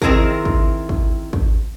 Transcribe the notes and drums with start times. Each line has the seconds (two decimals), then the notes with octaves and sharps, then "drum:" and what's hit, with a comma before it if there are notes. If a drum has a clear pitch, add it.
0.02 D#3 C4 E4 G#4 A#4, drum: kick
0.45 drum: kick
0.89 drum: kick
1.33 drum: kick